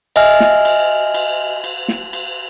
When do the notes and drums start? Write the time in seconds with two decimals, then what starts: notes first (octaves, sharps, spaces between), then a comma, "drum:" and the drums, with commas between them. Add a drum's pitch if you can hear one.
0.16 D#5 E5 G#5 F6, drum: cymbal
0.40 drum: snare
0.65 drum: cymbal
1.14 drum: cymbal
1.64 drum: cymbal
1.88 drum: snare
2.13 drum: cymbal